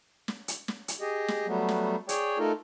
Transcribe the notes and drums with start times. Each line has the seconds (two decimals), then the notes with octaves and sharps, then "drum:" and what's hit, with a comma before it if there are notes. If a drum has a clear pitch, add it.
0.28 drum: snare
0.48 drum: hi-hat
0.68 drum: snare
0.88 drum: hi-hat
1.01 G4 G#4 D#5
1.28 drum: snare
1.47 F#3 G3 A3 B3
1.69 drum: snare
2.09 G#4 C#5 D5 G5, drum: hi-hat
2.38 A3 D#4 F4 A4 A#4